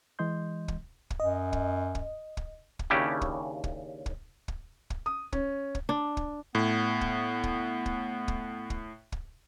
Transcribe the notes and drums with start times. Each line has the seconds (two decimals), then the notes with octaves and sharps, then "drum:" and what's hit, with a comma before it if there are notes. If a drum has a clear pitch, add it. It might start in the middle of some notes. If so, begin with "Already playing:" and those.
0.19 E3 G#3 D#5 C6 G6
0.68 drum: kick
1.10 drum: kick
1.20 F#2 D#5
1.53 drum: kick
1.95 drum: kick
2.37 drum: kick
2.79 drum: kick
2.90 D#2 C#3 C#4 D4 E4 G4
3.21 drum: kick
3.64 drum: kick
4.06 drum: kick
4.48 drum: kick
4.90 drum: kick
5.06 D#6
5.32 C#4, drum: kick
5.75 drum: kick
5.89 D4
6.17 drum: kick
6.55 A2 B3
7.01 drum: kick
7.44 drum: kick
7.86 drum: kick
8.28 drum: kick
8.70 drum: kick
9.12 drum: kick